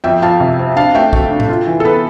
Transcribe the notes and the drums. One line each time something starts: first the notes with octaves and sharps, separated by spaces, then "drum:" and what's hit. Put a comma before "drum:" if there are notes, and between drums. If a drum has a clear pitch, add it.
F2 E5 G5
F2 F5 A5
C3
C4
D4 F5 A5
A3 E5 G5
A3, drum: kick
D4
drum: tom A2
F4
E3
A4
B3 B4